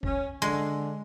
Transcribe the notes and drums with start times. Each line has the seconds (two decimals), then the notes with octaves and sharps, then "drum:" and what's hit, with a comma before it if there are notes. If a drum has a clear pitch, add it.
0.03 C#4, drum: kick C2
0.42 D3 G#3